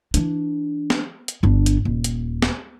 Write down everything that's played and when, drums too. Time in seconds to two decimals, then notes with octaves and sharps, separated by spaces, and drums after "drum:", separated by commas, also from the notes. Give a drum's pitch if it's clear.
0.14 E3 D4, drum: hi-hat
0.90 drum: snare
1.28 drum: hi-hat
1.43 G1 D4
1.66 drum: hi-hat
1.85 D#1
2.04 drum: hi-hat
2.42 drum: snare